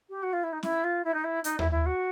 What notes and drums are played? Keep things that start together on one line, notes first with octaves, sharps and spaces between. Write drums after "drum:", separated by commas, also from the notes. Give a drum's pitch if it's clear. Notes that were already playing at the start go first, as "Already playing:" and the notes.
G4
F#4
F4
E4
D#4
E4, drum: snare C#4
F4
E4
D#4
E4
D#4, drum: hi-hat
E4, drum: tom D#2
E4
F#4